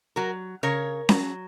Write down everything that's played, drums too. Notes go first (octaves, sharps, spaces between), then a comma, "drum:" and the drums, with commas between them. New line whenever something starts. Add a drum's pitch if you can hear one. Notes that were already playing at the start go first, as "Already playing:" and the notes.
F#3 F#4 A#4
C#3 A#4 C#5
F#3, drum: snare C#4